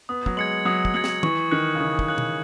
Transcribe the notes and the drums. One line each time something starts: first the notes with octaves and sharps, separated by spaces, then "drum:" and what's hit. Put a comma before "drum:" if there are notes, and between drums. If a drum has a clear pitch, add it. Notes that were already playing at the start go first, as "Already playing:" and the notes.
B3 D#6
F#3, drum: kick
G#3 G#6 C#7 F#7
F#3 D#6
drum: kick
F#3 G#6 C#7 F#7
drum: snare
E3 C#6, drum: tom
D#3 F#6 C#7 F#7
C#3
D#3 C#6
drum: kick
C#3 F#6 C#7 F#7
drum: tom